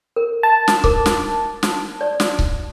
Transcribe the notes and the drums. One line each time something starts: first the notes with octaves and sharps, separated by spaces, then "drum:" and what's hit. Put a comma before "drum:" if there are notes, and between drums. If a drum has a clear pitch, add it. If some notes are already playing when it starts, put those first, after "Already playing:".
A#4
A5
drum: snare
A#4 D6, drum: kick C#1
drum: snare
drum: snare
D5
drum: snare
drum: kick C#1